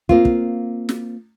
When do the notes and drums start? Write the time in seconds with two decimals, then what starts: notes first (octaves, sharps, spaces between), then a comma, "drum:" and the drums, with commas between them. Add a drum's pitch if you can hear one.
0.09 A#3 C4 F4, drum: kick
0.25 drum: kick
0.89 drum: snare